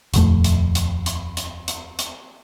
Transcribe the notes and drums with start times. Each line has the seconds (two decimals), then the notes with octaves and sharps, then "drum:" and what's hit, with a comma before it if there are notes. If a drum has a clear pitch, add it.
0.14 D#1 F2 A3, drum: hi-hat
0.44 drum: hi-hat
0.75 drum: hi-hat
1.06 drum: hi-hat
1.37 drum: hi-hat
1.68 drum: hi-hat
1.99 drum: hi-hat